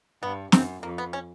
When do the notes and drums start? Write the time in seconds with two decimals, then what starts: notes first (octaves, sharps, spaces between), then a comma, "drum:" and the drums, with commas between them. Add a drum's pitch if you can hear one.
0.22 G2 B3
0.52 F#2 C4, drum: snare
0.83 F2 A#3
0.98 B3
1.13 C#4